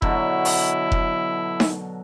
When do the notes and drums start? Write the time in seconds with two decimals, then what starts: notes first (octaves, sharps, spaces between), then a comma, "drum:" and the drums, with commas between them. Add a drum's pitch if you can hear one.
0.02 B2 D3 F#3 E4, drum: kick F1
0.45 drum: open hi-hat
0.92 drum: kick F1
1.60 drum: snare D#4